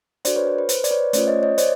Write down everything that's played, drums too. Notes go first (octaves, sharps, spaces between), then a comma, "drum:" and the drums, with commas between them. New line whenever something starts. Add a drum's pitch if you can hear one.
D4 F#4 A4 C5 D5, drum: hi-hat
B4 C#5
B4
B4
C5, drum: hi-hat
D5, drum: hi-hat
B4 C#5
A3 C#4 F4 C5 D5, drum: hi-hat
C#5 D#5
C#5 D#5
C5 D5, drum: hi-hat